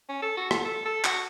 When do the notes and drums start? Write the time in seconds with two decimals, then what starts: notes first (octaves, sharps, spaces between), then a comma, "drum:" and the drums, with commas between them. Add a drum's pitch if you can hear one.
0.09 C#4
0.22 A4
0.37 F#4
0.51 A4, drum: rim click
0.65 A4
0.86 A4
1.04 F#4, drum: clap